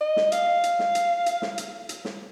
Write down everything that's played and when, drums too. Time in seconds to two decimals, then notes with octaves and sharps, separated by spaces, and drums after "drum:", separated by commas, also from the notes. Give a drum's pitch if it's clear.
0.01 D#5
0.16 drum: snare
0.32 F5, drum: hi-hat
0.64 drum: hi-hat
0.79 drum: snare
0.95 drum: hi-hat
1.26 drum: hi-hat
1.42 drum: snare
1.58 drum: hi-hat
1.89 drum: hi-hat
2.05 drum: snare